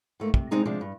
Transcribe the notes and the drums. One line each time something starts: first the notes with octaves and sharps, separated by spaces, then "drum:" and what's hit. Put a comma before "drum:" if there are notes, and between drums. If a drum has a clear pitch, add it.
G#2 A3 A#3
C3, drum: kick
C3 G#3 C4 D#4 A#5
C3 F3 G#3 D4
G2